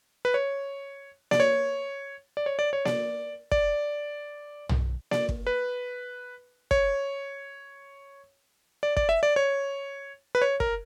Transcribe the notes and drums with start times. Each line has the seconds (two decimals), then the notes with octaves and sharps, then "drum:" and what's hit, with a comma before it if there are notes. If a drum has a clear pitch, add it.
0.25 B4
0.34 C#5
1.31 D5, drum: snare A#3
1.40 C#5
2.37 D5
2.46 C#5
2.59 D5
2.73 C#5
2.85 D5, drum: snare A#3
3.52 D5, drum: kick
4.69 drum: tom
5.11 D5, drum: snare A#3
5.29 drum: kick
5.47 B4
6.71 C#5, drum: kick
8.83 D5
8.97 D5, drum: kick
9.09 E5
9.23 D5
9.36 C#5
10.35 B4
10.42 C#5
10.60 A#4, drum: kick